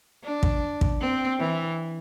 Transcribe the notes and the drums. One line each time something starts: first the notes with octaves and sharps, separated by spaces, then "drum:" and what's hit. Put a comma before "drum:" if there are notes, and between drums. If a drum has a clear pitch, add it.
D4
drum: kick
drum: kick
C4
E3